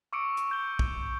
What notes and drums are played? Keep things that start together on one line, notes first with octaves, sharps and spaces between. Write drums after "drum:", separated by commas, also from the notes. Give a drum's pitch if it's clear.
C#6 D6 E6 C#7 D7
drum: hi-hat
G6 G7
drum: kick